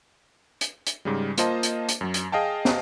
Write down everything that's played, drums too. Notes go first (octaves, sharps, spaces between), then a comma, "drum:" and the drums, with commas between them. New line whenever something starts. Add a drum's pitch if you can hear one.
drum: hi-hat
drum: hi-hat
G#2 C#3 G3
A#3 F4 C5 D#5 A5, drum: hi-hat
drum: hi-hat
drum: hi-hat
F#2 F#3
drum: hi-hat
G#4 D#5 F5 G5 A5
drum: snare